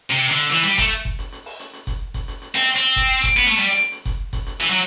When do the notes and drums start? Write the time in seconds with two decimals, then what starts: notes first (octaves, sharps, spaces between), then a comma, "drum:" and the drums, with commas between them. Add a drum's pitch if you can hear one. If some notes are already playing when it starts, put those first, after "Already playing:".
0.10 C3, drum: hi-hat
0.31 D3
0.51 E3, drum: hi-hat
0.63 G3, drum: hi-hat
0.78 A3, drum: kick F#1, hi-hat
1.05 drum: kick F#1
1.19 drum: hi-hat
1.32 drum: hi-hat
1.46 drum: open hi-hat
1.60 drum: hi-hat
1.73 drum: hi-hat
1.87 drum: kick F#1, hi-hat
2.14 drum: kick F#1, hi-hat
2.28 drum: hi-hat
2.42 drum: hi-hat
2.55 C4, drum: open hi-hat
2.76 C4
2.96 drum: kick F#1, hi-hat
3.24 drum: kick F#1, hi-hat
3.37 B3, drum: hi-hat
3.47 A3
3.58 G3
3.78 drum: hi-hat
3.92 drum: hi-hat
4.05 drum: kick F#1, hi-hat
4.33 drum: kick F#1, hi-hat
4.46 drum: hi-hat
4.61 E3, drum: hi-hat
4.70 F#3